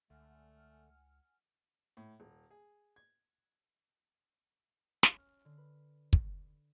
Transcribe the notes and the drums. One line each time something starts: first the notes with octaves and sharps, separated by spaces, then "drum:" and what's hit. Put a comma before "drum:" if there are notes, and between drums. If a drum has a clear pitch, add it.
C#2 D3 A3 F#5 G#5 F6
A2
D#1
G#4
G#6
C#4, drum: snare
F6
D3
B4
drum: kick